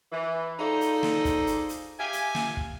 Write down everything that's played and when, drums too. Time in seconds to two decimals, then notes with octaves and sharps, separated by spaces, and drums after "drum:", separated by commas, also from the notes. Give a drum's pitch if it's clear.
0.12 E3
0.59 D#4 F4 G#4 A4 C5 D5
0.81 drum: hi-hat
1.03 drum: snare
1.25 drum: kick, hi-hat
1.47 drum: hi-hat
1.69 drum: hi-hat
1.99 G4 E5 F5 G#5
2.13 drum: hi-hat
2.35 drum: snare
2.57 drum: kick